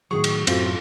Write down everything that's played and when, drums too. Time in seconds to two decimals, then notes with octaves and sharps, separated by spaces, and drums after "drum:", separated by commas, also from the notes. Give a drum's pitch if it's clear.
0.11 A2 D#3 F#3 G#4 C#6
0.24 drum: cymbal
0.47 F#2 A2 A3 C4 F4 F#4, drum: cymbal
0.66 F4